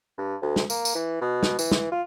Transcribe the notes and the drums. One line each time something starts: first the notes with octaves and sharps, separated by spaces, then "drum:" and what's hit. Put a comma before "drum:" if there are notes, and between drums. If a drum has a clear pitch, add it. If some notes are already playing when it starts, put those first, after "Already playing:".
G2
D2
drum: snare
A#3, drum: tambourine
drum: tambourine
E3
B2
drum: snare
E3, drum: tambourine
drum: snare
F4